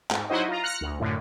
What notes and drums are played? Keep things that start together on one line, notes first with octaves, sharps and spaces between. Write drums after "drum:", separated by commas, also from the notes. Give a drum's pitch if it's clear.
G#2, drum: clap
F#3 D#4 E4 F#4 C5 D#5
F4 A#5
F6 F#6 A#6 C#7
D2
F#2 A2 D3